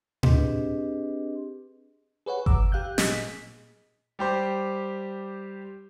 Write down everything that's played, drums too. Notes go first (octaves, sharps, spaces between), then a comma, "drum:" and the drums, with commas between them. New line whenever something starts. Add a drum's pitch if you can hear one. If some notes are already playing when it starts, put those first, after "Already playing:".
C4 D4 G4 G#4 B4 D#5, drum: tom A2
G#4 B4 C#5 F#5
A#5 D6 E6, drum: kick G1
G4 F5 F#6 G6
A#2 G#4 D#5 B6, drum: snare
G3 G4 C5